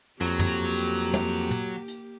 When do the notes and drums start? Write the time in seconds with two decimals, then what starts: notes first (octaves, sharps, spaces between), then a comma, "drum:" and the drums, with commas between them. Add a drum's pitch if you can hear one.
0.21 F2 F#3 A#3 G4
0.39 drum: tom
0.76 drum: hi-hat
1.14 drum: tom
1.51 drum: tom
1.88 drum: hi-hat